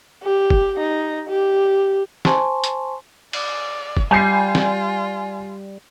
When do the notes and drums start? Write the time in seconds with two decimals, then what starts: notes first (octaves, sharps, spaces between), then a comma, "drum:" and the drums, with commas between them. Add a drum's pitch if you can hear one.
0.23 G4
0.50 drum: kick
0.80 D#4
1.30 G4
2.25 C5 G#5 A5 C6 C#6, drum: snare
2.64 drum: hi-hat
3.33 D5, drum: cymbal
3.97 drum: kick
4.11 G3 F4 G#5 G6 C7
4.55 drum: snare